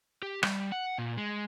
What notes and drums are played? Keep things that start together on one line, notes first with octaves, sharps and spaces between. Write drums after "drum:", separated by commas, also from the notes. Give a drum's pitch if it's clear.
G4
G3, drum: rim click
F#5
A#2
G#3